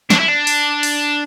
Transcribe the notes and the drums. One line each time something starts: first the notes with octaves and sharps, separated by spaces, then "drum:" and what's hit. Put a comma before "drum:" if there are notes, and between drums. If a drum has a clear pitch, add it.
D4, drum: snare
E4
D4
drum: open hi-hat
drum: open hi-hat